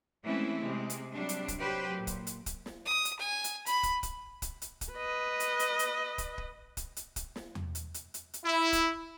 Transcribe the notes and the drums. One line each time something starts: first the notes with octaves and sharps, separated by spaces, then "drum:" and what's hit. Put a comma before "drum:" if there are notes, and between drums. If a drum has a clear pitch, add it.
E3 G#3 A3 C4 C#4 E4
C3 G#3 C4
drum: hi-hat
C3 F#3 G3 D4
drum: hi-hat
drum: kick, hi-hat
F#3 G4 B4 C5
A#2
drum: kick, hi-hat
drum: hi-hat
drum: kick, hi-hat
drum: snare
D#6
drum: hi-hat
G#5
drum: hi-hat
B5, drum: hi-hat
drum: kick, hi-hat
drum: kick, hi-hat
drum: kick, hi-hat
drum: hi-hat
drum: kick, hi-hat
B4 D#5
drum: hi-hat
drum: hi-hat
drum: hi-hat
drum: kick, hi-hat
drum: kick
drum: kick, hi-hat
drum: hi-hat
drum: kick, hi-hat
drum: snare
drum: tom E2
drum: hi-hat
drum: hi-hat
drum: hi-hat
drum: hi-hat
E4
drum: kick, hi-hat